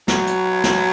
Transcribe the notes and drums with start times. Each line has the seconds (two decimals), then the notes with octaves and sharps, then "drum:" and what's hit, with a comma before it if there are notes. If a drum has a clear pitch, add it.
0.08 F#3, drum: snare
0.27 drum: hi-hat
0.64 drum: snare